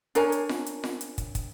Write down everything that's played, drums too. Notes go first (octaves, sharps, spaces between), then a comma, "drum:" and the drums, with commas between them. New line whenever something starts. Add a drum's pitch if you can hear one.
D4 A#4 C#5 G#5, drum: hi-hat
drum: hi-hat
drum: snare F4
drum: hi-hat
drum: snare F4
drum: hi-hat
drum: kick, hi-hat
drum: kick, hi-hat